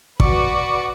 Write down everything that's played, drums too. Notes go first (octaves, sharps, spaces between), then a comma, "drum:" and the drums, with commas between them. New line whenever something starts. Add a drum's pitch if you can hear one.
F#4 B4 D5 C#6, drum: kick